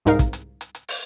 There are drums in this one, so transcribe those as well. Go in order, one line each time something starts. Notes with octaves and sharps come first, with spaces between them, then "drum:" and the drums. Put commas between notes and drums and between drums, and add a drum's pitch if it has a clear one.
C2 G#2 D#4 A#4 F5
drum: kick, hi-hat
drum: hi-hat
drum: hi-hat
drum: hi-hat
drum: open hi-hat